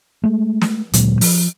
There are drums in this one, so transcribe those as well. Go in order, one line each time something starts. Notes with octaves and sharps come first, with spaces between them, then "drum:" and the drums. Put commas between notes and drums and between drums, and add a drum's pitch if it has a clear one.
G#3 A3
drum: snare
D2 A#2 F#3 G#3, drum: hi-hat
F3, drum: open hi-hat